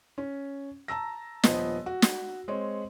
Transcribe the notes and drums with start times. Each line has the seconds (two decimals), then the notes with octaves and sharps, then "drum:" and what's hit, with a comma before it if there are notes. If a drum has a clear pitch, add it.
0.18 C#4
0.88 A5 A#5 E6 A#6
1.44 D#1 F3 B3 D#5, drum: snare
1.86 F#4
2.02 drum: snare
2.48 G#3 C4 C#5